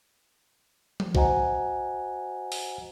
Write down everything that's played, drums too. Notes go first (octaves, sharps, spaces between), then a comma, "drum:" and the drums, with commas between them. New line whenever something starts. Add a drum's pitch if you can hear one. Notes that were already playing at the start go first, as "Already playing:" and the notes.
drum: tom F3
F#4 C5 D#5 F#5 G#5 A#5, drum: kick A#1
drum: open hi-hat